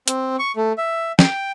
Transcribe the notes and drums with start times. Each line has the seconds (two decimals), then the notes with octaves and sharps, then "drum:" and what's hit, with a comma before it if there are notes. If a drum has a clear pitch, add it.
0.08 C4, drum: hi-hat
0.39 C#6
0.56 A3
0.78 E5
1.19 G5, drum: snare